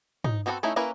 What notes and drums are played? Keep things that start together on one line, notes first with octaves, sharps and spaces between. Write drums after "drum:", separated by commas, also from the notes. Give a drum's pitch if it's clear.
D#4, drum: tom
B3 C4 F#4 G#4 A4
A3 C#4 D#4 E4
A#3 C#4 E4 A#4 B4